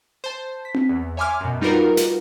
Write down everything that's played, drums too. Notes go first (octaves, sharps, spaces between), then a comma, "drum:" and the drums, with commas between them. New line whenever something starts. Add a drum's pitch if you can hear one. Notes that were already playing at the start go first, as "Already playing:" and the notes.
C5 A5
B6
drum: tom C4
E2
C#5 E5 G#5 C6 D6 F6
F#2 B2
G3 D#4 F4 F#4 A#4 B4
drum: snare